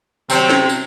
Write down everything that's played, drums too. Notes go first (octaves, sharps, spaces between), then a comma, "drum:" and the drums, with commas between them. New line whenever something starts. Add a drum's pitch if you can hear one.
C3 F#3 C4, drum: tambourine
drum: snare
drum: tambourine